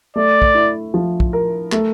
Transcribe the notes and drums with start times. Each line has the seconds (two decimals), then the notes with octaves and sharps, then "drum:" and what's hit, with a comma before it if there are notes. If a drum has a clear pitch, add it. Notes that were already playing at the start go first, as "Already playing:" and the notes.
0.16 A3 D5
0.42 drum: kick
0.55 E4
0.94 F3
1.20 drum: kick
1.33 A#4
1.72 A3, drum: clap